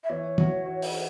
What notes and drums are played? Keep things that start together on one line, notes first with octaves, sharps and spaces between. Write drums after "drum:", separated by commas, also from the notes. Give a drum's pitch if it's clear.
E5
E3 C#5
F#4, drum: tom
F#4
drum: open hi-hat